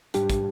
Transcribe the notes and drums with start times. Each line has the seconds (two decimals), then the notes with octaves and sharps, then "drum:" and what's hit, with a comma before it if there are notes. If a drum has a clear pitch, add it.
0.14 G#2 G3 D4 G4, drum: hi-hat
0.30 drum: kick, hi-hat